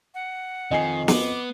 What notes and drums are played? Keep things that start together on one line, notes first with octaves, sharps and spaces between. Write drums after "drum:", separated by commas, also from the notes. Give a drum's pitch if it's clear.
F#5
F2 D#3 D#5 G#5 C7
B3 D6, drum: snare